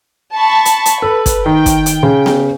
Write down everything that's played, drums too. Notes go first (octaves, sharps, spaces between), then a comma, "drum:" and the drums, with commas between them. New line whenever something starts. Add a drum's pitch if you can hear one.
A5 B5 C#6
drum: hi-hat
drum: hi-hat
A4 B4
drum: kick, hi-hat
D#3 G5
drum: kick, hi-hat
drum: hi-hat
C#3
drum: snare B3